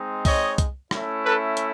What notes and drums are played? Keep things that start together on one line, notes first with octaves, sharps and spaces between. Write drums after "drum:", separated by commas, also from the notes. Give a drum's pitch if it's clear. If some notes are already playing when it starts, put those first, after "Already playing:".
Already playing: G#3 C4 D#4
C#5 D#5, drum: kick C2, open hi-hat
drum: kick C2, hi-hat
A3 C#4 E4, drum: rim click
A4 B4
drum: hi-hat